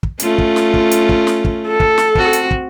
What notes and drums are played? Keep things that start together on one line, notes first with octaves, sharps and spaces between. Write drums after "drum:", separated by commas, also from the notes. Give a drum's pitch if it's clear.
drum: kick
A3 C#4 F4, drum: hi-hat
drum: kick
drum: snare
drum: kick
drum: hi-hat
drum: kick
drum: snare
drum: kick
A4
drum: kick
drum: snare
C4 F#4, drum: kick
drum: hi-hat
drum: kick